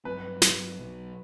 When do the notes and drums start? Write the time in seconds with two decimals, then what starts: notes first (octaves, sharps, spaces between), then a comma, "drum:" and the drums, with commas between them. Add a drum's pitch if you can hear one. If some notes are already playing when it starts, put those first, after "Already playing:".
0.05 G2 F#3 C4 B4
0.42 G2 F#3 C4, drum: snare
0.78 B1 B2 F#3